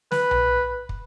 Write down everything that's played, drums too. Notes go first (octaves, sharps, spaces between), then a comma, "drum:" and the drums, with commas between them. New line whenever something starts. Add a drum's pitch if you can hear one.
B4, drum: snare
drum: tom B1
drum: kick